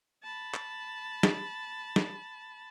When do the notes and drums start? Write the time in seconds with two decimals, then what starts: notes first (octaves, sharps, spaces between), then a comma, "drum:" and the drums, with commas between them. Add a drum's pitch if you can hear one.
0.23 A5 B5
0.54 drum: clap
1.23 drum: snare
1.96 drum: snare